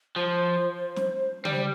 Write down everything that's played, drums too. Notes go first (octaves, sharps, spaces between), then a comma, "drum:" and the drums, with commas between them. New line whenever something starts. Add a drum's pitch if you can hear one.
F3 C5
drum: snare
G3 D5, drum: tom C#3
C5